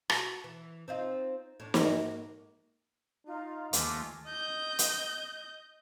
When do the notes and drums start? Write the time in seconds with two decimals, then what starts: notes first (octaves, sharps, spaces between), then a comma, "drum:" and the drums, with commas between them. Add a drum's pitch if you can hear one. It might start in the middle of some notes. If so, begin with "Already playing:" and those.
0.10 F#4, drum: rim click
0.44 E3
0.88 C4 D#4 F4
1.60 A2 D4
1.74 G#2 A#3 F#4, drum: snare
3.27 D#4 F4
3.73 D#2 G#3 A3 F4 D6, drum: hi-hat
4.27 D#5 G6
4.79 drum: hi-hat